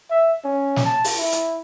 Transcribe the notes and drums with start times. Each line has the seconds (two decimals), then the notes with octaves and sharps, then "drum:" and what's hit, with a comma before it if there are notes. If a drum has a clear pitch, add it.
0.11 E5
0.45 C#4
0.76 drum: snare
0.86 A5
1.04 drum: open hi-hat
1.18 E4
1.32 drum: hi-hat